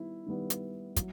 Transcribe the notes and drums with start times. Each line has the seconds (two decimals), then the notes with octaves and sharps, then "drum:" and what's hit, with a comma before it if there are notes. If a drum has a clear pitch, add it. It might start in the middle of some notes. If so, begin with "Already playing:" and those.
Already playing: D#3 G3 B3 E4
0.26 D#3 G3 B3
0.50 drum: hi-hat
0.96 F#3, drum: kick, hi-hat